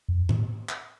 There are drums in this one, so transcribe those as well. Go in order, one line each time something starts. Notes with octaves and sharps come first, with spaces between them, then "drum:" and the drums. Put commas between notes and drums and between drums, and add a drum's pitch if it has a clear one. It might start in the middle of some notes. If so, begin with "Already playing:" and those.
F2
A2, drum: tom D#3
drum: clap